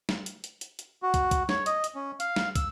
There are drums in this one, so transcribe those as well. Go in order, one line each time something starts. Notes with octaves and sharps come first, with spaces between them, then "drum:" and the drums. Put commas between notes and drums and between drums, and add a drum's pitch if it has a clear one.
drum: snare
drum: hi-hat
drum: hi-hat
drum: hi-hat
drum: hi-hat
F#4
drum: kick, hi-hat
drum: kick, hi-hat
C#5, drum: snare
D#5, drum: hi-hat
drum: hi-hat
C#4
F5, drum: hi-hat
drum: snare
E6, drum: kick, hi-hat